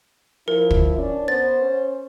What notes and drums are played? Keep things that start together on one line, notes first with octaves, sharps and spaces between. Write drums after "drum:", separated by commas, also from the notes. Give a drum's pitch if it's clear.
F3 E4 A#4
drum: kick
C#4 D4
B3 C5 A6
C#4